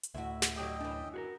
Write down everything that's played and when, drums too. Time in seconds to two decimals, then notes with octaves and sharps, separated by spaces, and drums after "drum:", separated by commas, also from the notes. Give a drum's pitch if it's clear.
0.03 drum: hi-hat
0.14 D2 A2 E4 F#4
0.42 drum: snare
0.56 D3 F#3 G4 D#5 G5
0.81 F#2 E3 D4
1.14 F#4 G#4 A#4